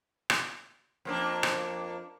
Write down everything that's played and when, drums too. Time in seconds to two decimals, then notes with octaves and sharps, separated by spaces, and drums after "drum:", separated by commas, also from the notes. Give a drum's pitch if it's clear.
0.30 drum: rim click
1.05 F2 A#3 D4
1.43 drum: rim click